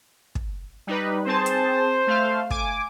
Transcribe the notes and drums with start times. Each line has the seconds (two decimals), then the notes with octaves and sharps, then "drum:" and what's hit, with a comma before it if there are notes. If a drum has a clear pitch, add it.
0.35 drum: kick
0.87 G3 D#4 B4
1.26 C4 G#4 C5 A5
1.46 drum: hi-hat
2.07 A3 F5
2.50 G#5 D6, drum: kick